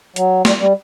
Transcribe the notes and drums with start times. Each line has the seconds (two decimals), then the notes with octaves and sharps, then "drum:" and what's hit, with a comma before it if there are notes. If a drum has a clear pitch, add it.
0.16 F#3, drum: hi-hat
0.45 G3, drum: snare
0.60 G3